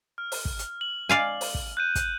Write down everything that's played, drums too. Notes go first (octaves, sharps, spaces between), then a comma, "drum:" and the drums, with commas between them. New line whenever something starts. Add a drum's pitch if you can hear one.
F6
drum: open hi-hat
drum: kick
drum: hi-hat
F#7
D5 F5 G#5
drum: open hi-hat
drum: kick
F#6 G6 D#7
drum: kick, hi-hat